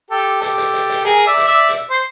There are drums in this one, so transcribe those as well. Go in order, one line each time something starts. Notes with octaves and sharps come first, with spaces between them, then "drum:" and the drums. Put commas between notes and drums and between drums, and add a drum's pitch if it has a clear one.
G4 A4
G4 A4, drum: hi-hat
drum: hi-hat
drum: hi-hat
drum: hi-hat
G#4 A#4, drum: hi-hat
D5 E5
drum: hi-hat
D5 E5
drum: hi-hat
C5